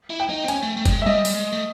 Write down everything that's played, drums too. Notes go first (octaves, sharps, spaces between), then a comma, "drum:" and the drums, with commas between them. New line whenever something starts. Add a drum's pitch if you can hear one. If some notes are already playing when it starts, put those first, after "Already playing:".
E4
G5
D#4
C4
C#4 G#5, drum: hi-hat
A3
A3
G3, drum: kick F#1, hi-hat
G#3
E5
G3 D#5, drum: tom G3
G3, drum: open hi-hat
G#3
A3